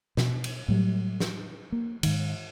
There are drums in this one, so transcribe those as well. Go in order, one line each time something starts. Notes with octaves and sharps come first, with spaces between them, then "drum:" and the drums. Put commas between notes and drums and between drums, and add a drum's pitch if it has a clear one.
B2, drum: snare
drum: cymbal
A2 F#3 G3
drum: snare
A#3
G#2 D#3, drum: cymbal